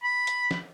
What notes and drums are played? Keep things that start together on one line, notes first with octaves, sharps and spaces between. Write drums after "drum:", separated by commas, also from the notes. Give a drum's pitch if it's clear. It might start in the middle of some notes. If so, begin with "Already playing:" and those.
B5
drum: hi-hat
drum: snare